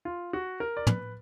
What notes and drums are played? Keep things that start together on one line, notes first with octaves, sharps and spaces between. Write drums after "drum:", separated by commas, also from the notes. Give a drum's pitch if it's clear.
F4
F#4
A#4
D5
B4, drum: tom